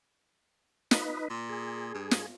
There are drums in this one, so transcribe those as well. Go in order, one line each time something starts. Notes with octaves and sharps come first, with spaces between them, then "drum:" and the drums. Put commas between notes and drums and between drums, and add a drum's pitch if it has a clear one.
D#4 B4, drum: snare
A#2
G#4
G2
drum: snare